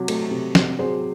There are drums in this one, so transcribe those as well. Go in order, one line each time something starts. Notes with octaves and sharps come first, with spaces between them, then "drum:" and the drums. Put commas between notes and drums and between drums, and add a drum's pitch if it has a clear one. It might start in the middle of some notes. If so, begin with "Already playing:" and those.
Already playing: C3 F#3
A3, drum: cymbal
C3
C3, drum: snare
F#3 G#4 C5